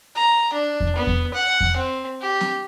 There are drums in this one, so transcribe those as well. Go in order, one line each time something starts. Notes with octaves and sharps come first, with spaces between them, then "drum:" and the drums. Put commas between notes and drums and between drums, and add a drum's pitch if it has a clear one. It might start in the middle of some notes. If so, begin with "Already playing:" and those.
A#5
D4
drum: kick E2
B3
drum: kick E2
F#5
drum: kick E2
C4
G4
drum: snare C4